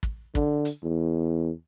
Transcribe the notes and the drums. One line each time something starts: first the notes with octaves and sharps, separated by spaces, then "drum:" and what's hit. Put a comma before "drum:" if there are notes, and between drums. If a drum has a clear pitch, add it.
drum: kick
D3, drum: kick
drum: hi-hat
E2